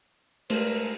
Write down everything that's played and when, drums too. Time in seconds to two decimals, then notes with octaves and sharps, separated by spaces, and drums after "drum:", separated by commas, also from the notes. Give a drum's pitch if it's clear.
0.50 G2 G#3 A3 A#4 C5, drum: cymbal